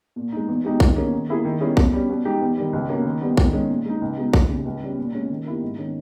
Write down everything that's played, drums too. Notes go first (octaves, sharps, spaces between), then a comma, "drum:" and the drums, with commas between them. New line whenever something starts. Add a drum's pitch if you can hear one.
A#2
G#3 D#4
E2
B2 G#3 D#4 G4
D#3, drum: kick
A#3 C#4 G#4
D#3
A#3 E4 G#4
D#3
G3 C#4 E4 G#4
B2, drum: kick
G3 C#4
B2
G#3 D#4 G4
E2
D#3 G3
C#2
B2 A#3 C#4
D#3
G3 B3
D#3, drum: kick
G#3 C#4
A#2
G#3 D#4
C#2
B2 G#3 D#4
D#2, drum: kick
C#3 G3
C#2
C#3 G3 C#4
A#2
G#3 C#4
D#3
A#3 E4 G4
G#2
D#3 G#3 C#4